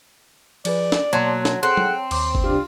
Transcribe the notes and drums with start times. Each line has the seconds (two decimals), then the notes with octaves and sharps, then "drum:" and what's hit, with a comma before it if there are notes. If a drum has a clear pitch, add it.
0.65 F3 G#4 B4 D5, drum: cymbal
0.92 drum: snare
1.13 B2 F#3 A#3 C#5 A5 C6
1.45 drum: snare
1.63 C4 G#4 A4 C5 F#5
1.77 drum: tom
2.11 D#2 C5 D6, drum: cymbal
2.35 drum: kick G1
2.44 C2 D4 F4 G4